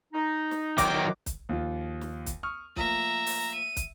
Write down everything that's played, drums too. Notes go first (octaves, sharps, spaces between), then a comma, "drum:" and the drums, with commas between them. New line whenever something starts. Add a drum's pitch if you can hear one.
D#4
drum: snare
D#3 F#3 G5 D6 A#6, drum: kick, hi-hat
drum: kick, hi-hat
D#2 F3 F4
drum: snare
drum: kick, hi-hat
C#6 D#6 F6
F3 A3 A#3 E5 A#5, drum: kick
drum: open hi-hat
D#7
drum: kick, hi-hat